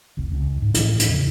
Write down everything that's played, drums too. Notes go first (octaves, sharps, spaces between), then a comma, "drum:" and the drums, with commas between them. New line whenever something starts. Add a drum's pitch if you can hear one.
F1 C2
C#2
G#2
A2 C3 E3 F3, drum: hi-hat
drum: hi-hat
E2 C#3